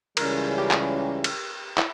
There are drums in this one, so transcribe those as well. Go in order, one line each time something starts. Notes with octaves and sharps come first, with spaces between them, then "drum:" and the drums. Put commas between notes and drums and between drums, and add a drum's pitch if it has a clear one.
C#2 C#3 E3 G3 C#4 A#4, drum: cymbal
G4
drum: clap
drum: cymbal
E4, drum: clap